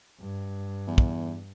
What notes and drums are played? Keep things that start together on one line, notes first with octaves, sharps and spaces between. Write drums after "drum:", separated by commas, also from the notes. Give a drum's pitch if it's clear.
G2
E2
drum: kick